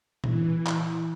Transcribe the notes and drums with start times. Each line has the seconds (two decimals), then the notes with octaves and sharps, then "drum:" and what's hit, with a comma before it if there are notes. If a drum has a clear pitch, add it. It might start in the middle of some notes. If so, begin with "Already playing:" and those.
0.24 E3, drum: tom A#2
0.67 drum: clap